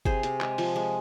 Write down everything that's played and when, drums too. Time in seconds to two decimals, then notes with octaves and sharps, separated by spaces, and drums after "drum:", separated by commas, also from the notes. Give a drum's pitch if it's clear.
0.05 C3 G#4 C5, drum: kick G1
0.23 C3, drum: hi-hat
0.41 G#3, drum: clap
0.58 F3, drum: open hi-hat
0.76 G#3